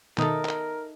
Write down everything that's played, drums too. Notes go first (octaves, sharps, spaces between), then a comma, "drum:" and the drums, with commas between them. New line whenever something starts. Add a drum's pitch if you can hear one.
B2 D#3 D#4 A4 A#4 E5 D#6, drum: clap
drum: clap